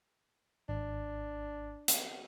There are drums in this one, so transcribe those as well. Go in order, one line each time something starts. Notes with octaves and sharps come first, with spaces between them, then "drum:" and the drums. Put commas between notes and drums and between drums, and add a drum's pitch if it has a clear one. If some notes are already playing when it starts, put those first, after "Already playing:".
G#1 D4
drum: hi-hat